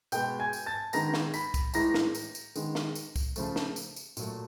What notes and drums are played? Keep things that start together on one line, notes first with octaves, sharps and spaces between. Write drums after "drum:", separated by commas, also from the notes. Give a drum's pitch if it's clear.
B2 G#3 B3 G5 G6, drum: tambourine
G#5 G#6
drum: tambourine
A5 A6
D#3 G#3 B3 A#5 A#6, drum: tambourine
drum: snare
B5 B6, drum: tambourine
drum: kick C2, tambourine
A2 E3 G#3 A#5 A#6, drum: tambourine
drum: snare
drum: tambourine
drum: tambourine
D#3 G#3 B3, drum: tambourine
drum: snare
drum: tambourine
drum: kick C2, tambourine
C#3 F3 A3, drum: tambourine
drum: snare
drum: tambourine
drum: tambourine
A#2 F#3 A3, drum: tambourine